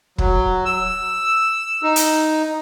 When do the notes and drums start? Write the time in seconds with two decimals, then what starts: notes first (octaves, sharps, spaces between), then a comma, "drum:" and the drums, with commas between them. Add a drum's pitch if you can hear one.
0.18 F#3, drum: kick
0.65 E6
1.83 D#4
1.96 drum: hi-hat